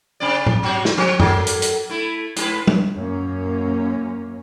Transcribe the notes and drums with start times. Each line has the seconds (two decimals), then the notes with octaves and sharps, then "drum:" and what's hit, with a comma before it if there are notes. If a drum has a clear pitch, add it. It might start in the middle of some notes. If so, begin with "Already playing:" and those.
0.20 C3 C4 D5
0.46 drum: tom A2
0.63 B2 F#3 F#4
0.85 drum: snare
0.97 F3 C4
1.20 F#3 A#3 A4, drum: tom F#2
1.47 drum: hi-hat
1.62 drum: hi-hat
1.89 A3 E4
2.36 G#2 G#4 B4, drum: hi-hat
2.67 drum: tom G3
2.96 F#2 A#3 C#4